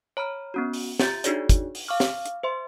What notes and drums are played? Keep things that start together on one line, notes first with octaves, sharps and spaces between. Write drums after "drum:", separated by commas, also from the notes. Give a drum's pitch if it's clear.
C#5 A#5 B5 F6
B3 C#4 F#4
drum: open hi-hat
F4 G4 E5 A#5 G6 A6, drum: snare
D4 D#4 F#4 G#4 C#5 D5, drum: hi-hat
drum: kick, hi-hat
drum: open hi-hat
F5 C#6 D6 F6
drum: snare
drum: hi-hat
C5 E5 C6